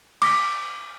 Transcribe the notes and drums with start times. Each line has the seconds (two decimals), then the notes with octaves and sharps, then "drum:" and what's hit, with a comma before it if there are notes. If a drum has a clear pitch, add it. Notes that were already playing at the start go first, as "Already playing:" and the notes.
0.22 D6 A#6 B6, drum: cymbal